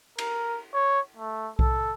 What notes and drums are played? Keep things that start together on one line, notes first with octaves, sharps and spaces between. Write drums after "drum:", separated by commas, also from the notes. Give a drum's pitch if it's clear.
A#4, drum: cymbal
C#5
A3
A4, drum: kick B1